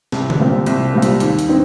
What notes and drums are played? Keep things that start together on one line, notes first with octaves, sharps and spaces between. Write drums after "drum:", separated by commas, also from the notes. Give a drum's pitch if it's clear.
C2, drum: snare C4
drum: tom D3
A#2 G3 C4
C2, drum: hi-hat
A#2 G3 C4
drum: hi-hat
D#2, drum: hi-hat
drum: hi-hat
C4 D#4